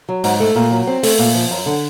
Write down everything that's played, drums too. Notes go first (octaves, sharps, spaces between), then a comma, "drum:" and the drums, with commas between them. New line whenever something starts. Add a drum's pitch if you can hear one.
F#3
G#2, drum: open hi-hat
A3
A#2
F#3
C4
A3, drum: open hi-hat
A#2
F3
F#2
D3